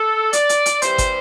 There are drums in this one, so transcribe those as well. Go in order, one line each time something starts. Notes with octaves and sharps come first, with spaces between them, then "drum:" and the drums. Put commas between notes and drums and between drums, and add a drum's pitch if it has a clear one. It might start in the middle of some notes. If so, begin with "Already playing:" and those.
Already playing: A4
D5, drum: hi-hat
drum: hi-hat
drum: hi-hat
C3 E3 G3 C5, drum: hi-hat
drum: kick, hi-hat